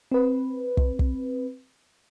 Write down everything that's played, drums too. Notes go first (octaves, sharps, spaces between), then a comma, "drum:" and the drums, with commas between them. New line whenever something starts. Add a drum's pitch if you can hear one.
C4 B4
drum: kick
drum: kick